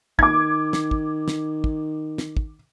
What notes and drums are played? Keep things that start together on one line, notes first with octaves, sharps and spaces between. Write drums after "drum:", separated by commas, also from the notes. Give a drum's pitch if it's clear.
D#3 D6 G#6, drum: kick
drum: snare
drum: kick
drum: snare
drum: kick
drum: snare
drum: kick